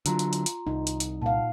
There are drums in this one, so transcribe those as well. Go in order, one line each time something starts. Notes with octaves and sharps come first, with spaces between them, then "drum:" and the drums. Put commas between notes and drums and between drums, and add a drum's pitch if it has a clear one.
D3 F#3 F4 A#5 C6, drum: hi-hat
drum: hi-hat
drum: hi-hat
drum: hi-hat
C2 D#4
drum: hi-hat
drum: hi-hat
A#2 F5 F#5 A5